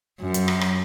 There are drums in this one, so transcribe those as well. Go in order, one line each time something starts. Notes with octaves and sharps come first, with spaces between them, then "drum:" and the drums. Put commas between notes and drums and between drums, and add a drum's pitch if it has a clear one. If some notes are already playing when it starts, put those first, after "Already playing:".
F#2
drum: hi-hat
drum: rim click
drum: rim click